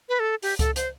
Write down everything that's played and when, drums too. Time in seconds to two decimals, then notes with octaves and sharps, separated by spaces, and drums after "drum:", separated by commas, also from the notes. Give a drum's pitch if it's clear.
0.09 B4
0.20 A4
0.43 G4, drum: open hi-hat
0.59 A4, drum: kick C#2, hi-hat
0.76 C5, drum: hi-hat